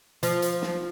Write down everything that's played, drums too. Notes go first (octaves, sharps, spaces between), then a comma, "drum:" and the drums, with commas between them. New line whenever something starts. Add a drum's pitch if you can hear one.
F3, drum: hi-hat
drum: hi-hat
drum: snare